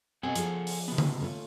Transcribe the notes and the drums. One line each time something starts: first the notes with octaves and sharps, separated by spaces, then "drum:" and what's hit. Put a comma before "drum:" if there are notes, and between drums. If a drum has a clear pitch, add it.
B2 C4 A4 F#5 G#5
F3 G#4, drum: hi-hat
drum: open hi-hat
C#3 B3
drum: tom D3
A3 C#4 F4